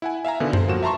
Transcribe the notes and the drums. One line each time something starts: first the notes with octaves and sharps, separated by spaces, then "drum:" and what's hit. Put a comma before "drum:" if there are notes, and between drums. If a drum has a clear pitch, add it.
E4 F#5 G#5
E5 F5 G#5 A#5
B2 D3 D#3 B3
C5, drum: tom F#2
F3 F#3 A#3 F#4 E7
E5 A5 A#5 C6 C#6